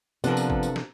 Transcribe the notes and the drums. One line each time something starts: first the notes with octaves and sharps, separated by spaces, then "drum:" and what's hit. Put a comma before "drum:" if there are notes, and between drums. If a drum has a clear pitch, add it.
C3 F3 B3 D4 A4 A#4, drum: tambourine
drum: tambourine
drum: kick
drum: tambourine
drum: snare